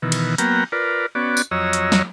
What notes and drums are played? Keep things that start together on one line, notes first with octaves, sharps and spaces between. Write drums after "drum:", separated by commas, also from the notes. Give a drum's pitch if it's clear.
B2 D#3 E3
drum: cymbal
F#3 A#3 B3 G5 A#5, drum: hi-hat
F4 A#4 B4 D5
B3 C#4 F#4 D5
drum: tambourine
F2 F#3 C#5 D#5 A#5 E6
drum: hi-hat
drum: snare